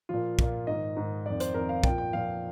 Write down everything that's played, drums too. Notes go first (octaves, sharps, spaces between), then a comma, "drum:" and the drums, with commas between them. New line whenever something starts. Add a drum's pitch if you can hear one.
A#2 F3 F4
A#2 F3, drum: kick
G#2 D#3 D#5
G#2 D#3
F2 D#3 D5
C5, drum: hi-hat
F2 D#3 A#4
F5
A#2 F3 G5, drum: kick
G5
A#2 F3 F5